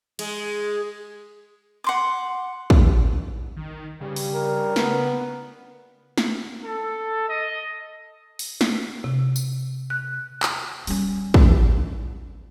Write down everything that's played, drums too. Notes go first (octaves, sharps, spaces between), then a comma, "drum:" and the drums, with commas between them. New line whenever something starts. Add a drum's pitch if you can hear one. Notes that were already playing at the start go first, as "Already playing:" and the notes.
G#3, drum: cymbal
F#5 C6 D6
drum: kick
D#3
G2 C#3 G3
drum: open hi-hat
A#4
B3, drum: snare
drum: snare
A4
D#5
drum: open hi-hat
drum: snare
C3
drum: tambourine
F#6
drum: clap
G3 C#4, drum: open hi-hat
drum: kick